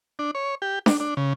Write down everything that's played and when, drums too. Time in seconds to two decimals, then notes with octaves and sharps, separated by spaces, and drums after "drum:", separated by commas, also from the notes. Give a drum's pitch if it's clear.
0.19 D4
0.35 C#5
0.62 G4
0.86 D4, drum: snare D4
1.00 D4
1.17 C#3